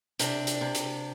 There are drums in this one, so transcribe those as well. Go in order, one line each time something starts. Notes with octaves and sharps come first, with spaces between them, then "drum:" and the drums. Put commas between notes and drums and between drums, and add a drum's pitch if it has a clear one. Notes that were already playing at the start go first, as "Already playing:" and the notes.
C3 D4, drum: hi-hat
drum: hi-hat
C3
drum: hi-hat